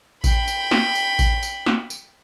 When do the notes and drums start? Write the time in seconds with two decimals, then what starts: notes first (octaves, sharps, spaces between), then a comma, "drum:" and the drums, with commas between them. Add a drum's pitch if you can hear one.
0.24 G5 B5, drum: kick A1, tambourine
0.48 drum: tambourine
0.71 drum: snare
0.95 drum: tambourine
1.19 drum: kick A1, tambourine
1.43 drum: tambourine
1.66 drum: snare
1.90 drum: tambourine